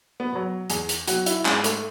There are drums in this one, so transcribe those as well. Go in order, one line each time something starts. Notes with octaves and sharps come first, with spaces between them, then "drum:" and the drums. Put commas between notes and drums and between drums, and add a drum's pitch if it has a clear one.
B3
B2 F#3
E2 G#4, drum: hi-hat
drum: hi-hat
B2 F#3 F#4, drum: hi-hat
E4, drum: hi-hat
G#2 C#4, drum: clap
A3, drum: hi-hat